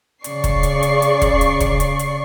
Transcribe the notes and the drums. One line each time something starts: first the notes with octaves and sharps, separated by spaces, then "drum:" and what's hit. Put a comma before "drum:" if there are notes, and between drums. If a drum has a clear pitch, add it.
C#3 D5 C#6 C7, drum: hi-hat
drum: kick, hi-hat
drum: hi-hat
drum: hi-hat
drum: hi-hat
drum: kick, hi-hat
drum: hi-hat
drum: kick, hi-hat
drum: hi-hat
drum: hi-hat